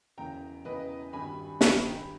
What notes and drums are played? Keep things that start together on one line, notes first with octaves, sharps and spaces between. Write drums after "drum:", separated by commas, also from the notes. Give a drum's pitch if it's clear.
E1 E2 C#3 E3 G5 A#5
E1 E2 C#3 E3 B4 D#5
G#1 G2 G3 G#5 B5
G#1 G2 G3 G#5 B5, drum: snare
G5 A#5